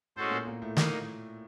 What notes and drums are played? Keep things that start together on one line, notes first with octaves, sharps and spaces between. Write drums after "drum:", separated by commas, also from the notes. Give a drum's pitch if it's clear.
A2 G#3 A3 C#4 F#4 A4 C5
A#2 A#3
A#2 A#3
A2 A3
A#3 D#4, drum: snare